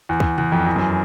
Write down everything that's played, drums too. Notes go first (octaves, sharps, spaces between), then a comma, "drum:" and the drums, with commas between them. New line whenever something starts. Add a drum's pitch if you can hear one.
E2
drum: kick
E2, drum: tom C3
F2
E2
F#2